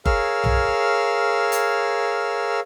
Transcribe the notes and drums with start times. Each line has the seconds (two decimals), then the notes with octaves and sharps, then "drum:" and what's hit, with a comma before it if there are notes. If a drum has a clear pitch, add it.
0.06 G#4 A#4 C#5 F5 E6 F6, drum: kick F#1
0.44 drum: tom B1
1.52 drum: hi-hat